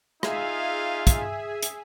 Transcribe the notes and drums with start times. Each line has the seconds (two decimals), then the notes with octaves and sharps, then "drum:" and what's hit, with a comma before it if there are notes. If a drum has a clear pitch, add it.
0.23 D#4 F4 G#4 E5 F5 G#5, drum: rim click
1.07 drum: kick, hi-hat
1.63 drum: hi-hat